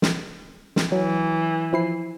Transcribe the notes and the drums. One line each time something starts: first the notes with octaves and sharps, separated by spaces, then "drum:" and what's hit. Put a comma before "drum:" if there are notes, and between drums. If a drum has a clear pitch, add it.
drum: snare
drum: snare
E3 F#3
F3 E4 C7